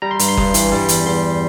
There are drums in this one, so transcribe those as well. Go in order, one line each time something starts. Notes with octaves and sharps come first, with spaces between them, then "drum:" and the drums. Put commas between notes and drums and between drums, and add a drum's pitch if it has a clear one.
G3 A#5
C6
G2, drum: hi-hat
C6
G2, drum: kick F#1
E3, drum: hi-hat
G3
E2, drum: hi-hat
E2 C6